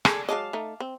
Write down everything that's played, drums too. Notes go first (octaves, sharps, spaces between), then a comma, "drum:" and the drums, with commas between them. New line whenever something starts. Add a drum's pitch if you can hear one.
G#4 A4 D5 G#5, drum: rim click
F#3 G#3 D#5 F5 A5 D6
A3 D#4
C4